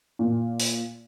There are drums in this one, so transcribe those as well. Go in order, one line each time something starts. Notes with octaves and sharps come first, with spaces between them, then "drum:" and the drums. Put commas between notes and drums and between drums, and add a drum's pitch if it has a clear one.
A#2
drum: open hi-hat